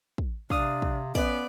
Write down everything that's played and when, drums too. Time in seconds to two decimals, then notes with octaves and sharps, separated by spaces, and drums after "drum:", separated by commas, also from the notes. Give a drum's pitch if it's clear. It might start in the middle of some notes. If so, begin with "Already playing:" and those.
0.18 drum: kick
0.50 C3 D4 F5 D#6, drum: kick
0.82 drum: kick
1.15 B3 C#4 D5, drum: kick